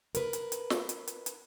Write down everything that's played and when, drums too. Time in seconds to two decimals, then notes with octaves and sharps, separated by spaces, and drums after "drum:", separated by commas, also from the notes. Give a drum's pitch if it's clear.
0.15 A#4 B4, drum: hi-hat
0.33 drum: hi-hat
0.52 drum: hi-hat
0.70 drum: snare
0.89 drum: hi-hat
1.07 drum: hi-hat
1.26 drum: hi-hat